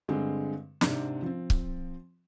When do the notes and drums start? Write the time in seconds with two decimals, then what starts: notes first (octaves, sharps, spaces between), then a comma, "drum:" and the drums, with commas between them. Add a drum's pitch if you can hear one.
0.08 G2 D3 G#3 C4
0.81 G#2 C3 C4 D4, drum: snare
1.23 F3 C4
1.50 drum: kick C#1